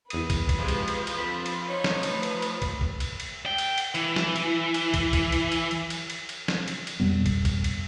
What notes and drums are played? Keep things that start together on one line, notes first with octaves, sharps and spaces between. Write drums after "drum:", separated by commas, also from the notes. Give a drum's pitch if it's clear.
E2 B4 D#6, drum: cymbal
drum: kick, cymbal
drum: kick, cymbal
C3 F3 G#3
drum: cymbal
drum: cymbal
drum: cymbal
F2 D3 C4 B5
drum: cymbal
D#4 C#5
drum: snare
A3 B4, drum: cymbal
drum: cymbal
drum: cymbal
drum: kick, cymbal
drum: kick
drum: cymbal
drum: cymbal
G5
drum: cymbal
drum: cymbal
E3, drum: cymbal
drum: snare
drum: cymbal
drum: cymbal
drum: kick, cymbal
drum: kick, cymbal
drum: cymbal
drum: cymbal
drum: cymbal
drum: cymbal
drum: cymbal
drum: cymbal
drum: snare
drum: cymbal
drum: cymbal
F2 B2 G3 B3
drum: kick, cymbal
drum: kick, cymbal
drum: cymbal